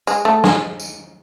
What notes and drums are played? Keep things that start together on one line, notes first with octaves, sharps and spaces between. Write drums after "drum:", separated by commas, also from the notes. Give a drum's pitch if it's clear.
G#3, drum: tambourine
A3
G#3, drum: snare
drum: tambourine